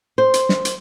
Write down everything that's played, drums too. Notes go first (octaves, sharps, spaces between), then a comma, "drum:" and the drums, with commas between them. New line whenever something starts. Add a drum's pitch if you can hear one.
C5
drum: hi-hat
drum: snare
drum: hi-hat